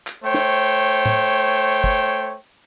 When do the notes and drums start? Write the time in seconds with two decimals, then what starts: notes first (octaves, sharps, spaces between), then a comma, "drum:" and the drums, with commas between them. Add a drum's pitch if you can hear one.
0.07 drum: clap
0.24 A3 C5 C#5 G5
0.34 drum: snare
1.05 drum: tom A2
1.84 drum: kick